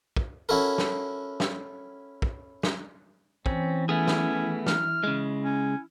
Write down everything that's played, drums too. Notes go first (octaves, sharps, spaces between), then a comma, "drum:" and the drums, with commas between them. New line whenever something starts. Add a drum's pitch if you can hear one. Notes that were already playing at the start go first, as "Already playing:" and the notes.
drum: kick
C#4 E4 F#4 A4 A#4
drum: snare
drum: snare
drum: kick
drum: snare
E3 C4 C#4, drum: kick
A3 B3 C#4 E4 G#4
drum: snare
F6, drum: snare
C#3 G#3
C#4